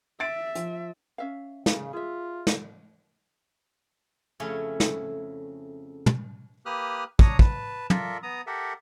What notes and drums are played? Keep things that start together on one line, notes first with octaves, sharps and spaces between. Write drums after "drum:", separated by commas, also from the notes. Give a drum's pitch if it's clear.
E5 A6 D7
F3, drum: hi-hat
C#4 E5 F5
C#3 F5, drum: snare
F4 G#4 E5
drum: snare
F2 C#3 A3 C#4 E4 C#5
drum: snare
drum: tom
A#3 G4 B4 D#6 F6 F#6
D4 C#5 A#5 D#6, drum: kick
B4 A5, drum: kick
F4 A4 A#4 D5 E5, drum: tom
B3 A#5 D#6
G4 A4 A#4 E5 F#5